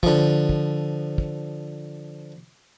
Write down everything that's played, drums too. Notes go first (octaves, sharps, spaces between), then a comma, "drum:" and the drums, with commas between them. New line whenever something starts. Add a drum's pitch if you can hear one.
D3 F3, drum: kick
drum: kick
drum: kick